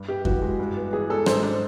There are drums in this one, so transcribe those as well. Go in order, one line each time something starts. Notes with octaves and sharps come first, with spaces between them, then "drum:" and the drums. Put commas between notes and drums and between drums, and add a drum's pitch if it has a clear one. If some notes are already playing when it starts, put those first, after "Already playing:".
Already playing: G2
B3 G4
E3 F#4, drum: kick F2
G#3
G2
B3
E3 G#4
G#3 A4
G#2 C5, drum: rim click
D4